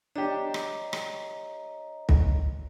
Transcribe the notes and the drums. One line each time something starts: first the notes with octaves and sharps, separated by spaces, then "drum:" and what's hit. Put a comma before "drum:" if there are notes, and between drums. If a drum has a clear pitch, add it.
D4 G4 C#5 D#5 A#5
drum: rim click
drum: rim click
drum: kick